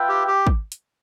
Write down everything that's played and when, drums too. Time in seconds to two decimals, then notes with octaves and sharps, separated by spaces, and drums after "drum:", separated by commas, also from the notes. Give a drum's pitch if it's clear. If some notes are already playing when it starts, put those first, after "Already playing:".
Already playing: F4 B4 E5 G5
0.09 G4
0.27 G4
0.47 drum: kick
0.72 drum: hi-hat